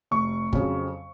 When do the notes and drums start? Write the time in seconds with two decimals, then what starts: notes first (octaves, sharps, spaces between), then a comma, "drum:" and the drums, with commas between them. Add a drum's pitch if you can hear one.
0.11 F1 C#6
0.53 F2 C#3 F#3, drum: kick G1